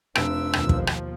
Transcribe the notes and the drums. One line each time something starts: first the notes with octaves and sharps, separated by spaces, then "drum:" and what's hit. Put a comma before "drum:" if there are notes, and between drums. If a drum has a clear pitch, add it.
F1 F3 D4 E6 D7, drum: rim click
D#2 B2 F3, drum: rim click
drum: kick
drum: rim click